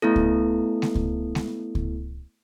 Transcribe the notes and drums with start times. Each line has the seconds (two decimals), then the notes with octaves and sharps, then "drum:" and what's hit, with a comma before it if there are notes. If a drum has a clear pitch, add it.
0.02 A3 B3 E4 A4
0.16 drum: kick C#2
0.82 drum: snare G#3
0.95 drum: kick C#2
1.35 drum: snare G#3
1.75 drum: kick C#2